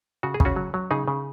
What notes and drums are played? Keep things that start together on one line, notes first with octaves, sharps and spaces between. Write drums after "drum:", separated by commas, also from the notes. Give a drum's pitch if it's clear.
C#3 F#4
G#4
C#3, drum: kick
C#4 F#4
F#3
F#3
C#3 D#4 G#4
C#3